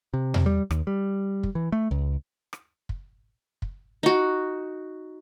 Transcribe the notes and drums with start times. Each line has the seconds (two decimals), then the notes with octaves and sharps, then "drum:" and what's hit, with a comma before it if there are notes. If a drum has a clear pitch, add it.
0.14 C3
0.34 drum: tom E2
0.46 G3
0.71 D#2, drum: rim click
0.87 G3
1.43 drum: kick
1.55 E3
1.72 A3
1.91 C#2
2.53 drum: rim click
2.89 drum: kick
3.62 drum: kick
4.03 D#4 F#4